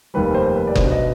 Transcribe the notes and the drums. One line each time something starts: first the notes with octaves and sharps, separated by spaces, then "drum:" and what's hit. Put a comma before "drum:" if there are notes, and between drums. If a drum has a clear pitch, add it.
F1 D#2 D#3 G3 B4
C5
B4
D5
B1 B2 B3 D4 C5, drum: kick F#1
D#5